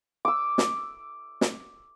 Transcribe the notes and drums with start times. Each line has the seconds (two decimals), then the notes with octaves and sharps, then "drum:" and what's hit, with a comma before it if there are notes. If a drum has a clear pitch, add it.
0.25 D6 E6
0.58 drum: snare
1.41 drum: snare